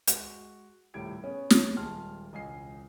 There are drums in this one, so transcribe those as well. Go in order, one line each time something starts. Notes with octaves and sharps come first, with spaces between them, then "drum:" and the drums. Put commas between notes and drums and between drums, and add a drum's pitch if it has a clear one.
G#3 F#4, drum: hi-hat
D#1 A2 C3 G3 G#6 D7
B3 C#4 G#4
drum: snare
D#1 G#3 A5 C6 F6
E1 C#2 D#5 G#5 C7